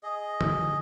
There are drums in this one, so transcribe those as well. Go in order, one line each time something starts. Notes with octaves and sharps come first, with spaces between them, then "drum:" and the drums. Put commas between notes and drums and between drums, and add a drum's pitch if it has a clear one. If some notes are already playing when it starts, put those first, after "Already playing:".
G#4 D#5
drum: tom